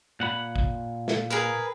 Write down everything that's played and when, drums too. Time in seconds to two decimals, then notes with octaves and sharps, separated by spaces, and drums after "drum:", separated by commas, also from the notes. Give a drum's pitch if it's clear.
0.20 A#2 F#5 B5
0.56 drum: kick
1.08 drum: snare
1.30 G#4 A#4 B4